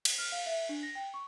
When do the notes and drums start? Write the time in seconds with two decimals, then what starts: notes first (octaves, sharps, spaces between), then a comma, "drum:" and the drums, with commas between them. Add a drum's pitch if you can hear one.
0.05 drum: cymbal
0.18 F6
0.32 F5
0.46 E5
0.69 D4
0.83 A#6
0.95 G5
1.14 C#6